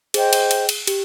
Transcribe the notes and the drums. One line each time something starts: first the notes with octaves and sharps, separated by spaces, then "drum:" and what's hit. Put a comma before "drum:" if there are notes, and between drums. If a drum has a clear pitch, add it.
G#4 C5 D#5 G5, drum: cymbal
drum: cymbal
drum: cymbal
drum: cymbal
G4, drum: cymbal